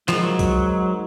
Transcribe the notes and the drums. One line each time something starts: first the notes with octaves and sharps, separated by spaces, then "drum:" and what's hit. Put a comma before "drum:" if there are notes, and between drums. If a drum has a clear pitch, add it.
D#3 F3 G#3 D#4 G#4 C5, drum: clap
F#3
drum: kick, hi-hat